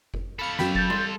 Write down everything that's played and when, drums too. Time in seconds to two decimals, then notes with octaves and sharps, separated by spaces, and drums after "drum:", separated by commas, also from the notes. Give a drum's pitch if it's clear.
0.14 drum: kick F#1
0.39 A4 F5 B5 C#7
0.59 F#2 G5 B5, drum: snare
0.75 G6 A6, drum: kick F#1
0.90 C6, drum: tom G3